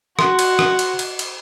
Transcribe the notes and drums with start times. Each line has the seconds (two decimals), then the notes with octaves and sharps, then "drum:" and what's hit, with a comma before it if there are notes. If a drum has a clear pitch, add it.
0.19 F#4 C6, drum: rim click
0.39 drum: cymbal
0.59 drum: rim click
0.79 drum: cymbal
0.99 drum: cymbal
1.19 drum: cymbal